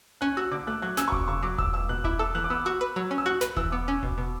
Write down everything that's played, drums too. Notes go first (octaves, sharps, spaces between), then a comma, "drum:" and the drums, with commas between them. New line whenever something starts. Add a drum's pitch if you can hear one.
C#4 F#6
F#4 E6
D3 D6
A3 F#6
F#3 F#6
C#4 E6, drum: snare
C#6
F#2 D6, drum: kick E1
C#3 C#6
F#3 D6
C#2 E6, drum: kick E1
C#2 E6
B2 F#6
E4 D6, drum: kick E1
A4 E6
E3 F#6
D6
B3 E6
F#4 E6
B4
F#3
C#4
E6
F#4 F#6
B4 F#6, drum: snare
E3 E6, drum: kick E1
B3 D6
C#4
B2, drum: kick E1
B2